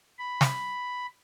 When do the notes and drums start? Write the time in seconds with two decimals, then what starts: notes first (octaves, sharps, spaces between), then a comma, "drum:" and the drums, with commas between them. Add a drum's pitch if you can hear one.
0.19 B5
0.41 drum: snare